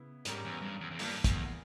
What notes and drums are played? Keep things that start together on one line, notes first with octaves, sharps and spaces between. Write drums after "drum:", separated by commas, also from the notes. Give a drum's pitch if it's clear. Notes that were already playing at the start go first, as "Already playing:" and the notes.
Already playing: C#3 B3 E4
G#2 G3 C#4 G4 A#4, drum: hi-hat
E2
G2
E2
E2
G2 E3 G3 A#3, drum: open hi-hat
E2, drum: kick, hi-hat